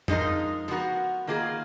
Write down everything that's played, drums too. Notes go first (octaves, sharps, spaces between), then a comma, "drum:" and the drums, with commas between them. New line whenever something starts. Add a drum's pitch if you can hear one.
F3 G#3 D#4 A#4, drum: tom F2
F3 B3 F#4 A#4
D#3 A#3 F4 G#4